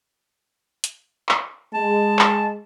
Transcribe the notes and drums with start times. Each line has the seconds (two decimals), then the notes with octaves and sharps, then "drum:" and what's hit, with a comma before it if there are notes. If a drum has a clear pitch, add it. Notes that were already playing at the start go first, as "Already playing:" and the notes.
0.84 drum: hi-hat
1.29 drum: clap
1.74 G#3 A5
2.19 drum: clap